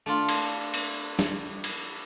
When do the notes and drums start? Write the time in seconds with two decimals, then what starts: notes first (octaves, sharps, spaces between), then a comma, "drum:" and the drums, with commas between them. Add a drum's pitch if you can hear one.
0.06 A3 D4 F4
0.29 drum: cymbal
0.74 drum: cymbal
1.19 drum: snare
1.64 drum: cymbal